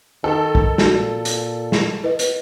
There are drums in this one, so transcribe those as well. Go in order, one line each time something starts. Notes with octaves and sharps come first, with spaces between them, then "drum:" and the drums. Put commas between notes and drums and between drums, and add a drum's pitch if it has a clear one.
D#3 A4
drum: kick
A#2 F#4, drum: snare
drum: hi-hat
drum: snare
E4 B4 D#5
drum: hi-hat